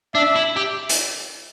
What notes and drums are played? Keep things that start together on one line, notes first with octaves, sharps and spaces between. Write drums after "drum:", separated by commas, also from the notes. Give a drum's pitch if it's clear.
D4 E5
E4
G4
drum: hi-hat